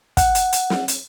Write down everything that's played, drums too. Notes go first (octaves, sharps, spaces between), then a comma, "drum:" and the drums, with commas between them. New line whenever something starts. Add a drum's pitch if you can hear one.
F#5, drum: kick, hi-hat
drum: hi-hat
drum: hi-hat
drum: snare
drum: hi-hat